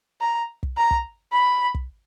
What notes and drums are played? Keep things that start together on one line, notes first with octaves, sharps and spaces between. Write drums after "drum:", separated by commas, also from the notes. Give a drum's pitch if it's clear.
A#5
drum: kick
A#5
drum: kick
B5
drum: kick